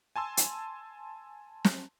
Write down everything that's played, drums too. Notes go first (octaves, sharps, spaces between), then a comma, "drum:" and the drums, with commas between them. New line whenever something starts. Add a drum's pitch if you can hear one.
G#5 A5 C6 E6
drum: hi-hat
drum: snare